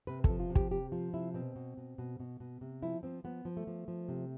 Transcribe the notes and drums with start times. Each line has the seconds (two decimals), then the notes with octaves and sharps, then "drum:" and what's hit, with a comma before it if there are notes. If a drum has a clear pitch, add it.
0.07 C3 B4
0.24 A4, drum: kick
0.30 F3
0.40 F4
0.50 C3
0.55 G4, drum: kick
0.71 C3 G4
0.92 F3 F4
1.14 C3 E4
1.34 B2 C4
1.56 B2
1.77 B2
1.98 B2
2.20 B2
2.40 B2
2.61 C3
2.82 F3 E4
3.03 F3 C4
3.24 F3 B3
3.45 F3
3.57 A3
3.67 F3
3.88 F3
4.09 C3